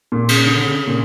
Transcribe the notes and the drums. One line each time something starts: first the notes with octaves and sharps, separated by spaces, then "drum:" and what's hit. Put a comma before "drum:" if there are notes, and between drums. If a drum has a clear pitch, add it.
A#2
C#3, drum: cymbal
D3
C#3
A#2